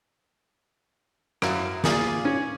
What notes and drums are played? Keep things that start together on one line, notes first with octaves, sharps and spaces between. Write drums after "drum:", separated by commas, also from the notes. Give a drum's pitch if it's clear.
F#2 E4 F5, drum: rim click
A#3 F4 G#4 D5, drum: snare
C#4